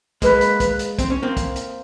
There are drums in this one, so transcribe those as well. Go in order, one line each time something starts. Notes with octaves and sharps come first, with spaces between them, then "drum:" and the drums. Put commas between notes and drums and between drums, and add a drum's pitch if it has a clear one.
G#3 A#3 B4, drum: kick, hi-hat
drum: hi-hat
drum: kick, hi-hat
drum: hi-hat
C4, drum: kick, hi-hat
C#4
A#3 C4
drum: kick, hi-hat
drum: hi-hat